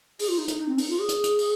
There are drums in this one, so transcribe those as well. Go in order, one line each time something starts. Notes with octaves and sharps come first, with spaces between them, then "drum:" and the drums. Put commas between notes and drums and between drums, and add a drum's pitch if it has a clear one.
G#4, drum: open hi-hat
F4
D#4
D#4, drum: hi-hat
D#4
C4
D#4, drum: open hi-hat
F4
G#4
drum: hi-hat
drum: hi-hat
drum: open hi-hat